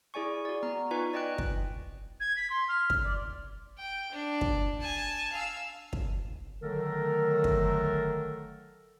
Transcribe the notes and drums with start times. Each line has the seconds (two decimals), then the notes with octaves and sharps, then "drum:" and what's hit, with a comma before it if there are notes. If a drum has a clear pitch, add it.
0.14 E4 G#4 D5 G#5 C#6
0.45 F#4 D5
0.63 B3 A#5
0.91 D#4 F4 B4 G#5 C#6
1.13 D5 D#5 G5 F#6
1.38 drum: kick
2.20 G#6
2.36 B6
2.50 C6
2.68 F6
2.90 drum: kick
3.03 D5
3.78 G5
4.11 D4
4.41 drum: kick
4.80 G#5 A5
5.32 F5 E6
5.93 drum: kick
6.61 D3 D#3 F#3 A3 A4 A#4
7.44 drum: kick